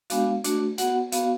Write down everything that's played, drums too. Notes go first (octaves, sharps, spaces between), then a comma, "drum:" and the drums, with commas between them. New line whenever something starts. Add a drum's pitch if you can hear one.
G#3 B3 D4 F#4 F5, drum: hi-hat
A3 D4 F#4, drum: hi-hat
B3 F#4 F#5, drum: hi-hat
B3 F#4 F5, drum: hi-hat